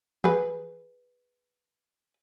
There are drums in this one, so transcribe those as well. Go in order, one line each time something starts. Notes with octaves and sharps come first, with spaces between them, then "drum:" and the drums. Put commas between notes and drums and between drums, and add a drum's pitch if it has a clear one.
G#4 B4, drum: tom E3